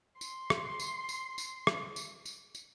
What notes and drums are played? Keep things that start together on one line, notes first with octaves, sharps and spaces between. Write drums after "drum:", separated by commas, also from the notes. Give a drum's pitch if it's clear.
C6 C7, drum: tambourine
drum: rim click
drum: tambourine
drum: tambourine
drum: tambourine
drum: rim click
drum: tambourine
drum: tambourine
drum: tambourine